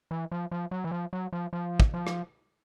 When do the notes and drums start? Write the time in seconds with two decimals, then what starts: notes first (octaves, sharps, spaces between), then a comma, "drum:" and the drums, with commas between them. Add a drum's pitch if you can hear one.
0.11 E3
0.32 F3
0.51 F3
0.71 F#3
0.84 E3
0.91 F3
1.13 F#3
1.33 F3
1.53 F3
1.80 drum: kick
1.94 F3
2.07 drum: rim click